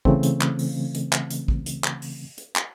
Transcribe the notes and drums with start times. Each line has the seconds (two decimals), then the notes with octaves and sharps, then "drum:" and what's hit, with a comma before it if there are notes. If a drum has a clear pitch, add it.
0.05 C#3 E3 A3 C4, drum: kick
0.23 drum: hi-hat
0.41 drum: clap
0.59 drum: open hi-hat
0.95 drum: hi-hat
1.13 drum: clap
1.30 drum: hi-hat
1.48 drum: kick
1.66 drum: hi-hat
1.84 drum: clap
2.02 drum: open hi-hat
2.38 drum: hi-hat
2.56 drum: clap